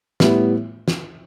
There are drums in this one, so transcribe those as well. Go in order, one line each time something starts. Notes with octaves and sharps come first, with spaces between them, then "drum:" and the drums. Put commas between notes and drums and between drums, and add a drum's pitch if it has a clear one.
A2 G3 B3 E4, drum: snare
drum: snare